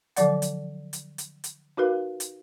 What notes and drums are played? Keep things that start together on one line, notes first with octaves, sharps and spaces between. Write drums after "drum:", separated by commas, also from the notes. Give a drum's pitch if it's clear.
D3 F3 F#3 D5 F#5, drum: hi-hat
drum: hi-hat
drum: hi-hat
drum: hi-hat
drum: hi-hat
D#4 F#4 A#4 B4 F5
drum: hi-hat